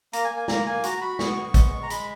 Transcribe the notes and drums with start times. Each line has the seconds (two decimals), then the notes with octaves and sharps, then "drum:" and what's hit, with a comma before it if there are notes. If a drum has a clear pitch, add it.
0.13 A#3 A#5, drum: hi-hat
0.24 G#5
0.31 A#3
0.37 G#5
0.48 A#3 A#5, drum: snare
0.66 A#3 G#5
0.83 F#4 A#5, drum: hi-hat
1.01 F#4 B5
1.19 B3 C#6, drum: snare
1.38 B3
1.54 G#3, drum: kick, hi-hat
1.72 G#3
1.83 A#5
1.90 G#3 B5, drum: hi-hat